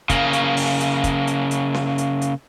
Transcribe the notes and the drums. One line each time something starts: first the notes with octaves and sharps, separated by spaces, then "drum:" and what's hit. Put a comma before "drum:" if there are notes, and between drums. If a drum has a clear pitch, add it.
C#3 A#3, drum: kick, hi-hat
drum: hi-hat
drum: open hi-hat
drum: hi-hat
drum: kick, hi-hat
drum: hi-hat
drum: hi-hat
drum: snare C#4
drum: hi-hat
drum: hi-hat